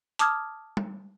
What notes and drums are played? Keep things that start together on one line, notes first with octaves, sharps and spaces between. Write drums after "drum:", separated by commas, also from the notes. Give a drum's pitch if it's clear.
A5 D6 D#6 F6 G#6, drum: hi-hat
drum: tom